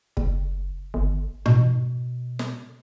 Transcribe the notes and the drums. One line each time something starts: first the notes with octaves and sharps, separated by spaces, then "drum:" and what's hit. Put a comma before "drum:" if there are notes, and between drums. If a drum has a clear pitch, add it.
F#1, drum: kick
G1
B2, drum: tom G#2
drum: snare